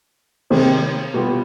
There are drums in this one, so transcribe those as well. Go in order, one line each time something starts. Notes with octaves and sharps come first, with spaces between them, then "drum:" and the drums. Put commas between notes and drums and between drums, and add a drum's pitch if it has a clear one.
C3 D#3 G#3 C4, drum: cymbal
B2 G3 B3 F4